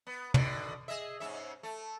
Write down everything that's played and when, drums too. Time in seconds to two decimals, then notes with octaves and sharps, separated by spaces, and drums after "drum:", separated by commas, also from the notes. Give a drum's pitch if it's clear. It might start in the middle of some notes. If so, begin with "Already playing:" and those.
0.07 B3
0.34 B2 D3 D#3, drum: tom
0.88 G#4 D#5 E5
1.20 G#2 C#4 E5
1.63 A3